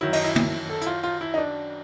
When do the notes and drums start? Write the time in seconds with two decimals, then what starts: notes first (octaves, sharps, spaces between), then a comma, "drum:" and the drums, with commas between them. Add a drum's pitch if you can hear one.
0.01 F#2 D#3 F#3 E4
0.13 D#4, drum: cymbal
0.24 E4
0.36 drum: tom
0.69 A4
0.81 E4, drum: hi-hat
0.86 F4
1.04 F4
1.21 E4
1.34 D#4
1.38 D4